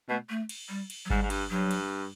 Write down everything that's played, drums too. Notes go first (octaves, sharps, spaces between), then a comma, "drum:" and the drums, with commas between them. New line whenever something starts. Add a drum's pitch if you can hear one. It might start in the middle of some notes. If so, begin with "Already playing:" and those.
B2 A3
A3
drum: cymbal
G3
drum: cymbal
F#3
G#2 G3, drum: kick G1
G#2
G2, drum: cymbal
G2 F#3
drum: cymbal